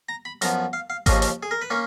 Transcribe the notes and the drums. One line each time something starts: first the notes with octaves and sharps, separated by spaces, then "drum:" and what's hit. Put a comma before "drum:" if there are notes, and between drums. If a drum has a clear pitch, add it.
A#5
B5
F#2 F3 B3 A#5, drum: hi-hat
F5
F5
D#2 C#3 F3 A#3 C#4 D#5, drum: kick G#1, hi-hat
drum: hi-hat
G#4
A#4
B4
A#3 C#4 C#5